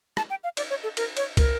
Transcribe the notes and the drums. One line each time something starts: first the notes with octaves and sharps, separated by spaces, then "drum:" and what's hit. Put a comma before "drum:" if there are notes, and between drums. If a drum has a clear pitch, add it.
A5, drum: rim click
G5
F5
D5, drum: cymbal
C#5
A4
A#4, drum: cymbal
C#5, drum: cymbal
A#4, drum: kick, cymbal